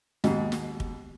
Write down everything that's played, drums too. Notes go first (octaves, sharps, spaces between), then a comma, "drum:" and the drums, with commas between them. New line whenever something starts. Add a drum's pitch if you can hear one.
D#2 G#2 B2, drum: snare
drum: snare
drum: kick